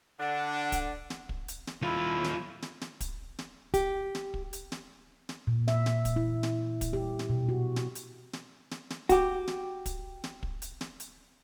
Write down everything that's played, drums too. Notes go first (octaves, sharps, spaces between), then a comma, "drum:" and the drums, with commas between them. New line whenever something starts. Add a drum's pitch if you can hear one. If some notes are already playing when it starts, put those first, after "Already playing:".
D3 D4 F#5
drum: kick, hi-hat
drum: snare
drum: kick
drum: hi-hat
drum: snare
D#2 E4 F4
drum: snare
drum: snare
drum: snare
drum: kick, hi-hat
drum: snare
G4, drum: kick, hi-hat
drum: snare
drum: kick
drum: hi-hat
drum: snare
drum: snare
A#2
E5, drum: snare
drum: snare
drum: kick, hi-hat
E4
drum: snare
drum: kick, hi-hat
G4
drum: snare
B2
F#4
drum: snare
drum: hi-hat
drum: snare
drum: snare
drum: snare
F#4 G4, drum: kick, hi-hat
drum: snare
drum: kick, hi-hat
drum: snare
drum: kick
drum: hi-hat
drum: snare
drum: hi-hat